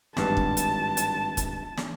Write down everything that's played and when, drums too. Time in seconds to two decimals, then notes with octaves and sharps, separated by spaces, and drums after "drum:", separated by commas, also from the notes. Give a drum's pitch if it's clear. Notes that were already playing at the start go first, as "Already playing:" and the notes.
0.17 G#1 G2 A5, drum: snare
0.37 drum: kick
0.57 drum: hi-hat
0.97 drum: hi-hat
1.37 drum: kick, hi-hat
1.77 drum: snare